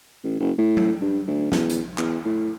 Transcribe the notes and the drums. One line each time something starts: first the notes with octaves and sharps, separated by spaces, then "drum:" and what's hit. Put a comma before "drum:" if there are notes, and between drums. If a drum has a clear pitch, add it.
A1
F#1
A2
drum: tom F#3
G2
D2
E2, drum: snare
drum: hi-hat
E2, drum: clap
A2